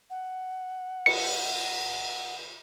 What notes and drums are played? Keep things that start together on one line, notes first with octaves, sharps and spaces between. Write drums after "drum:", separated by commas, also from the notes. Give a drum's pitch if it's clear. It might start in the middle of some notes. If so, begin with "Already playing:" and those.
F#5
C#7, drum: cymbal